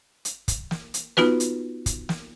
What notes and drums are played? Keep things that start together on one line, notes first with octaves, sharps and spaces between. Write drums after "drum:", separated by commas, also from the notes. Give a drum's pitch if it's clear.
drum: hi-hat
drum: kick, hi-hat
drum: snare
drum: hi-hat
B3 D#4 F4 F#4 B4, drum: snare
drum: hi-hat
drum: kick, hi-hat
drum: snare